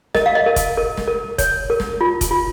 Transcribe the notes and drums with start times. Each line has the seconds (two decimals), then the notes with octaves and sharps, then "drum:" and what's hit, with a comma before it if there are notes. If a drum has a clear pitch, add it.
0.15 A#4 D#5, drum: snare
0.26 F5
0.35 D#5
0.46 A#4
0.56 drum: kick F1, hi-hat
0.77 A#4
0.97 drum: snare
1.07 A#4
1.38 C#5, drum: kick F1, hi-hat
1.70 A#4
1.80 drum: snare
2.01 F4
2.21 drum: kick F1, hi-hat
2.31 F4